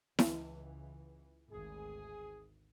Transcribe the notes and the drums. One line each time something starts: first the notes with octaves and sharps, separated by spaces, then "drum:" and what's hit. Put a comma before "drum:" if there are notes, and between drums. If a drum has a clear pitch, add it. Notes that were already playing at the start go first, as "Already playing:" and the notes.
C#2 E3, drum: snare E4
G#1 D2 G#4